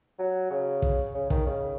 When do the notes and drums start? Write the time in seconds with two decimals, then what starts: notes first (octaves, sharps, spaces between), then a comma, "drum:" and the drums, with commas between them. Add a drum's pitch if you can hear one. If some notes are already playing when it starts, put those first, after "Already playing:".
0.19 F#3
0.50 C#3
0.82 drum: kick
1.14 C#3
1.30 D#3, drum: kick
1.46 C#3